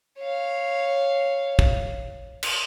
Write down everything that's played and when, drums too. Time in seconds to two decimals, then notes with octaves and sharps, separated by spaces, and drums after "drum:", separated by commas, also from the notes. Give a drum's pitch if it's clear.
0.19 C#5 F5
1.59 drum: kick
2.43 drum: cymbal